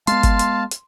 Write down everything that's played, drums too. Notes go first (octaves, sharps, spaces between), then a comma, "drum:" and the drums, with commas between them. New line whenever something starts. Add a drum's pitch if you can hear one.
G#3 B3 F5 A5 C6, drum: hi-hat
drum: kick G1, hi-hat
drum: hi-hat
drum: hi-hat